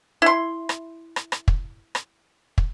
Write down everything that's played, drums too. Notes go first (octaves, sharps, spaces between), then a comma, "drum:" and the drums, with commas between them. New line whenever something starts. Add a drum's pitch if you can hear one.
E4 C6
drum: rim click
drum: rim click
drum: rim click
drum: kick
drum: rim click
drum: kick